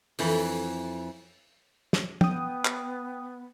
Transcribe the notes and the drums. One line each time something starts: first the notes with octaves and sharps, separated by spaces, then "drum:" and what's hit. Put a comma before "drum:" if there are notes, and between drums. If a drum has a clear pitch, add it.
F2 E3, drum: open hi-hat
drum: snare
B3 G5 D#6, drum: tom
drum: clap